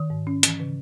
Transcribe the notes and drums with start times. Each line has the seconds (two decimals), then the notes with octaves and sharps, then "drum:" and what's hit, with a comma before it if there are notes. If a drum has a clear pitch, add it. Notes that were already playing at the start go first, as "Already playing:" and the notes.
Already playing: D#3
0.10 G#2
0.27 C#4
0.43 E3, drum: hi-hat
0.60 C#3